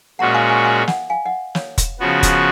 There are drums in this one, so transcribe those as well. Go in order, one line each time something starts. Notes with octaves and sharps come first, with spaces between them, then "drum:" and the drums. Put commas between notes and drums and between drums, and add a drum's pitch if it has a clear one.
A#2 G#3 C#4 F#4 F#5 A#5
F5 G#5
F5 G#5
F5 G#5
D#5 F#5, drum: snare
F5 G#5
D#5 F#5
C#5 F5, drum: snare
drum: kick, hi-hat
C#3 F3 B3 F#4
drum: kick, hi-hat